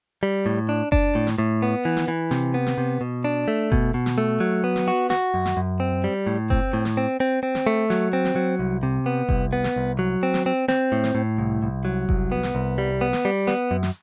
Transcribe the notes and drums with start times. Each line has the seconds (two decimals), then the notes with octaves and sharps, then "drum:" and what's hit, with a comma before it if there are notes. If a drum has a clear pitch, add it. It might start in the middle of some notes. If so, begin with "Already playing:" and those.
0.23 G3
0.46 A2
0.69 D4
0.92 D4, drum: kick F#1
1.15 A2
1.27 drum: snare
1.38 A2
1.62 B3
1.85 E3
1.97 drum: snare
2.08 E3
2.31 C3, drum: snare
2.54 B3
2.66 drum: snare
2.78 C3
3.01 B2
3.24 D4
3.48 A3
3.72 B2, drum: kick F#1
3.94 B2
4.06 drum: snare
4.18 A3
4.40 F#3
4.64 B3
4.76 drum: snare
4.88 F#4
5.10 F#4, drum: snare
5.34 F#2
5.46 drum: snare
5.57 F#2
5.80 C4
6.04 G3
6.27 A2
6.50 C4, drum: kick F#1
6.73 A2
6.85 drum: snare
6.97 C4
7.20 C4
7.43 C4
7.55 drum: snare
7.67 A3
7.90 F#3, drum: snare
8.13 C4
8.25 drum: snare
8.36 F#3
8.59 C2
8.83 C3
9.06 B3
9.29 C2, drum: kick F#1
9.53 B3
9.64 drum: snare
9.76 C2
9.99 F#3
10.23 C4
10.34 drum: snare
10.46 C4
10.69 C4, drum: snare
10.92 A2
11.04 drum: snare
11.15 A2
11.38 C2
11.62 C2
11.85 F#3
12.09 C2, drum: kick F#1
12.32 B3
12.43 drum: snare
12.55 C2
12.78 G3
13.01 B3
13.13 drum: snare
13.25 G3
13.47 B3, drum: snare
13.71 F#2
13.83 drum: snare